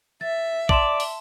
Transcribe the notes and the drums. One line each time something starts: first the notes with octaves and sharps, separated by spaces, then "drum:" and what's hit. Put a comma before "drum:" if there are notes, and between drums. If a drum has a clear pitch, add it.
E5 A6
D5 A5 C6 E7, drum: kick
drum: open hi-hat